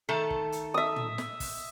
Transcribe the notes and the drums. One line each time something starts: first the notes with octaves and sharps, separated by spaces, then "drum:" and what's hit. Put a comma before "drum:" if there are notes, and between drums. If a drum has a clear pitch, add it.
D#3 A3 A4
drum: kick
drum: hi-hat
E5 D#6
drum: tom
drum: snare
drum: kick, open hi-hat